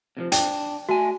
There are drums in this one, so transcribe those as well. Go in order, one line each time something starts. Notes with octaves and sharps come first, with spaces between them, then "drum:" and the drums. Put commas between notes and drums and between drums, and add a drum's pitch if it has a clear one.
C3 E3 F3
D4 G5, drum: hi-hat
A3 F#4 G#5